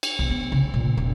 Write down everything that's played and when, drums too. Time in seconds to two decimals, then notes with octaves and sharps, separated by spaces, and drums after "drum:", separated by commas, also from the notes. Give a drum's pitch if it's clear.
0.03 drum: cymbal
0.19 B1
0.30 B3
0.52 C#3
0.74 A#2
0.97 E1